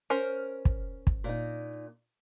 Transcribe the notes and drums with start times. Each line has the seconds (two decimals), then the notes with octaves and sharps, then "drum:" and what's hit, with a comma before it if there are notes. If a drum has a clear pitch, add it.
0.10 C#4 A#4 C5
0.65 drum: kick
1.07 drum: kick
1.24 A#2 D#4